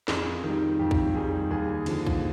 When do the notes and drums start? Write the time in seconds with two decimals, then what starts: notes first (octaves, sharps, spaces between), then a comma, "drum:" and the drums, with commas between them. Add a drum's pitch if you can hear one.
0.08 F2 G#4, drum: snare
0.43 D#3 G3
0.79 F2 G4
0.91 drum: kick
1.15 D#3 G3 G#4
1.50 D#2 G#4
1.86 D3 F3, drum: cymbal
2.07 drum: kick